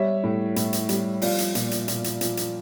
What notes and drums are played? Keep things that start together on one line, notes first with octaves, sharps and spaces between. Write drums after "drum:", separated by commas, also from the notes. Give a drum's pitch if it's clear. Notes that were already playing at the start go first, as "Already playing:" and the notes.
Already playing: G3 C#5 E5
A2
A2, drum: hi-hat
drum: hi-hat
G3, drum: hi-hat
F3 D5 F5, drum: open hi-hat
drum: hi-hat
A#2, drum: hi-hat
drum: hi-hat
A#2, drum: hi-hat
drum: hi-hat
F3, drum: hi-hat
drum: hi-hat